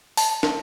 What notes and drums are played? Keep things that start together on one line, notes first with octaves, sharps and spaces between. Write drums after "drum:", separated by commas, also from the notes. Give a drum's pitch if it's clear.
A5, drum: open hi-hat
drum: snare